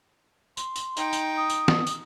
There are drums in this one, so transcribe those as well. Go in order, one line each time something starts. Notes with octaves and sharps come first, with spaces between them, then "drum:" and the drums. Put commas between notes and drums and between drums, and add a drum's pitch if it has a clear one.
C6, drum: tambourine
drum: tambourine
D#4 G5, drum: tambourine
drum: tambourine
D#6
drum: tambourine
drum: snare
drum: tambourine